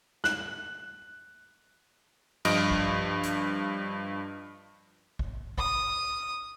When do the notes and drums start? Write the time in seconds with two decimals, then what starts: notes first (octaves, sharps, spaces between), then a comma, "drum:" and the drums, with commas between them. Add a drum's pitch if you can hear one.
0.24 F#6, drum: snare
2.45 G2 F3 D#5 D7, drum: cymbal
2.71 drum: kick
3.23 drum: hi-hat
5.19 drum: kick
5.58 D#6, drum: kick